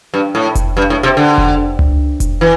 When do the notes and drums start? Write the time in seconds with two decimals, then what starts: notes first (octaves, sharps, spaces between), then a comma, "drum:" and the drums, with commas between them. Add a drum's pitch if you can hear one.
0.14 G2
0.35 A2
0.55 drum: kick F1, hi-hat
0.77 G2
0.90 A2
1.03 C3
1.17 D3
1.38 drum: kick F1
1.79 drum: tom C#2
2.20 drum: kick F1, hi-hat
2.41 E3